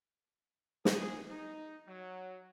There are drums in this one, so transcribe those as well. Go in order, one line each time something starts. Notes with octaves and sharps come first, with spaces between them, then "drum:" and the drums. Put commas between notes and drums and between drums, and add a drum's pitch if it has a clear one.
G#4, drum: snare
D#4
F#3